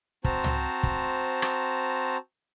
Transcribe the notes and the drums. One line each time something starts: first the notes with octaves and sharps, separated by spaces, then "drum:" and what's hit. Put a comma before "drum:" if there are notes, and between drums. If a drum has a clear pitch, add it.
C4 F#4 C5 A5 A#5, drum: kick
drum: tom
drum: kick
drum: rim click